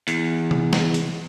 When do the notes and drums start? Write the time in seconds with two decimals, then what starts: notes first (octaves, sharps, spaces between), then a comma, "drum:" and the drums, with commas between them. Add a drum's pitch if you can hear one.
0.08 E2, drum: hi-hat
0.51 drum: tom C3
0.73 drum: snare
0.94 drum: hi-hat